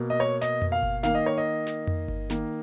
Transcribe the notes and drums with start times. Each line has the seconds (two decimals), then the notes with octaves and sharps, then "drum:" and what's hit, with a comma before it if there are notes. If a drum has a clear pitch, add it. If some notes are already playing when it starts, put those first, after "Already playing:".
Already playing: B2 A#3
0.10 D#5
0.20 C#5
0.41 D#5, drum: snare
0.62 drum: tom F2
0.72 F5
0.83 drum: kick G1
1.03 D#3 A#3 F5, drum: snare
1.15 D#5
1.26 C#5
1.38 D#5
1.66 drum: snare
1.87 drum: tom F2
2.08 drum: kick G1
2.30 D#3 A#3, drum: snare